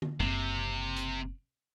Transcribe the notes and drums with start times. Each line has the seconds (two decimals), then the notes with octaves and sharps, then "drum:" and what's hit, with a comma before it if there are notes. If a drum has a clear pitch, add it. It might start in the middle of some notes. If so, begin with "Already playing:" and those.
0.02 drum: tom D3
0.20 F#1 C3 C4, drum: kick
0.96 drum: hi-hat